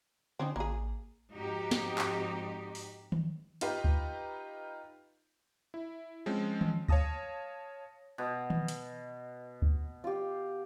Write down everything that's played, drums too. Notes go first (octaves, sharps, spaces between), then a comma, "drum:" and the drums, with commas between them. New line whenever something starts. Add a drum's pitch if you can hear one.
D3 C4 C#4 D#4
A1 A#3 G#4
F2 G#2 D#4 F#4 G4
drum: snare
drum: clap
drum: open hi-hat
drum: tom D#3
D#4 F4 G4 B4, drum: hi-hat
drum: kick D2
E4
F3 G#3 C4 C#4
drum: tom D#3
C#5 F5 A5 D#6 A#6, drum: kick D2
B2
drum: tom D#3
drum: hi-hat
drum: kick D2
F4 G4